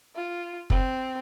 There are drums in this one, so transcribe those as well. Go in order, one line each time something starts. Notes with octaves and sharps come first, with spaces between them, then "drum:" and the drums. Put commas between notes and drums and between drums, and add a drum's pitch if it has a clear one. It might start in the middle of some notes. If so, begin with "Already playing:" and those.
F4
C4, drum: kick